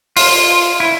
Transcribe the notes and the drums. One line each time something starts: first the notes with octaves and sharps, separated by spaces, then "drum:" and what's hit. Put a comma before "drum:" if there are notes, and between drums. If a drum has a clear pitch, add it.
F4, drum: open hi-hat
E4